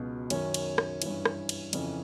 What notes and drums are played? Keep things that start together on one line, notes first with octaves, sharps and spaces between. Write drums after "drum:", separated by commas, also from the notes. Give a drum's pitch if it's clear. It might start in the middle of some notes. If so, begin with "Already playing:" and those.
Already playing: C#2 B2 F#3
F#2 D#3 F#3 C#4, drum: cymbal
drum: cymbal
drum: rim click
G2 E3, drum: cymbal
drum: rim click
drum: cymbal
F2 C#3 E3, drum: cymbal